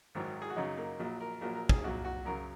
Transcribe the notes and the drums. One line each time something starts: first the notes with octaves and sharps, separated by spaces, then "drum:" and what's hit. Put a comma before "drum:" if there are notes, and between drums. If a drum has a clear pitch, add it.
G#1 G#2 D#3 F#3
G#4
F#4
F#2 C#3 F#3 D#4
A#3
A#1 A#2 F#3
A#4
A#1 A#2 F#3 A#4
A#4
G#4, drum: kick
A#1 A#2 F#3 F#4
F#4
F#2 C#3 F#3 A#4